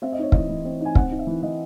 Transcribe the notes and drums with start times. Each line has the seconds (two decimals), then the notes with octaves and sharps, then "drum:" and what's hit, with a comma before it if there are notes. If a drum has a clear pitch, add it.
0.02 C4 E5
0.12 D#5
0.18 D#4 C#5
0.32 E3 D#5, drum: kick
0.49 E3
0.65 C4
0.81 D#4 G#5
0.95 C4 F#5, drum: kick
1.11 D#4
1.19 E5
1.27 E3
1.42 E3 D#5